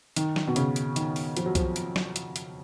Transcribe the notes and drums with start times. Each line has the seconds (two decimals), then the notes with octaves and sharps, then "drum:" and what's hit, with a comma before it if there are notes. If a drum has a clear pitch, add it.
0.16 D#3, drum: hi-hat
0.36 drum: snare
0.47 B2
0.56 C#3, drum: hi-hat
0.76 drum: hi-hat
0.96 D#3, drum: hi-hat
1.16 drum: open hi-hat
1.37 F3, drum: hi-hat
1.46 F#3
1.55 F3, drum: kick C2, hi-hat
1.76 drum: hi-hat
1.96 drum: snare
2.16 drum: hi-hat
2.36 drum: hi-hat